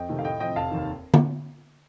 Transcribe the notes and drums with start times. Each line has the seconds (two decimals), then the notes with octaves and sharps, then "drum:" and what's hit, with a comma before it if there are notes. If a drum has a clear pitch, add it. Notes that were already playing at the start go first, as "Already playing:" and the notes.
Already playing: F2 D#5 G5
0.09 C3 D#3 A3
0.19 F5
0.24 A2 D#5 G5
0.40 F3 C4 D#5 G5
0.56 F1 F5 A5
0.71 D#2 D#3
1.14 drum: tom D3